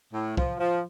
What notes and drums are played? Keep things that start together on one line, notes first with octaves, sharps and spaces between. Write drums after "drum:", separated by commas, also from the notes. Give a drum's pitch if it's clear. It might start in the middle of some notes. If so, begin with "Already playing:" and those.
A2
F3, drum: kick
F3